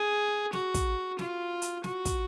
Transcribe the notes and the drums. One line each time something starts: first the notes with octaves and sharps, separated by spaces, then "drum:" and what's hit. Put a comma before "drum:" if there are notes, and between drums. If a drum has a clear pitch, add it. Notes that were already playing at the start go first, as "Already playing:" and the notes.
Already playing: G#4
F#4, drum: snare
drum: kick, hi-hat
F4, drum: snare
drum: hi-hat
F#4, drum: snare
drum: kick, hi-hat